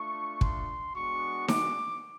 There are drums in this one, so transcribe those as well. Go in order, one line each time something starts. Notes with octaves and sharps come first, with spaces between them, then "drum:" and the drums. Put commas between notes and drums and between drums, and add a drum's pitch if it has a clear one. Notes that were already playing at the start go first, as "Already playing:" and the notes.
Already playing: A3 D4 F4 C#6
C6, drum: kick
G#3 B3 D4 F#4 C#6
D6, drum: snare D#4